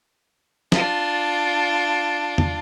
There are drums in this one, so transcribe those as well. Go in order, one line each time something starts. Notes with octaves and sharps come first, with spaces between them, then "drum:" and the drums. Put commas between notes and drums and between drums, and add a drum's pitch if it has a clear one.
D4 F4, drum: snare
drum: tom E2